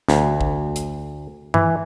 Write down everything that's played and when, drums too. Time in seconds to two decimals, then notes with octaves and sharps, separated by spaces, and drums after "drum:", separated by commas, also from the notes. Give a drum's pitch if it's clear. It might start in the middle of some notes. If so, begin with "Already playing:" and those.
0.09 D2, drum: snare
0.41 drum: kick
0.76 drum: hi-hat
1.54 E3, drum: tom G2